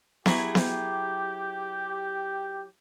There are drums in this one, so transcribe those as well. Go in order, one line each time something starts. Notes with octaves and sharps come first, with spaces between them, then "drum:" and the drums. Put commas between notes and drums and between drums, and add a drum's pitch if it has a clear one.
F#3 E4 G4 G#4, drum: snare B3
drum: snare B3